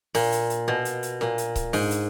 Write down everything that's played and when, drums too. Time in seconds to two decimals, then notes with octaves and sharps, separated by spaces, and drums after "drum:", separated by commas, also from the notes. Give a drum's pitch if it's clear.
0.15 A#2, drum: open hi-hat
0.32 drum: hi-hat
0.50 drum: hi-hat
0.68 B2
0.85 drum: hi-hat
1.03 drum: hi-hat
1.21 A#2, drum: snare
1.38 drum: hi-hat
1.56 drum: kick C#1, hi-hat
1.73 G#2, drum: open hi-hat
1.91 drum: hi-hat